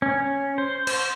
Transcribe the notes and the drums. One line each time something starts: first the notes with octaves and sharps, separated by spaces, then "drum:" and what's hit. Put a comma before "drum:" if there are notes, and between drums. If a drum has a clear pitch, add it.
C#4
C5
C5, drum: cymbal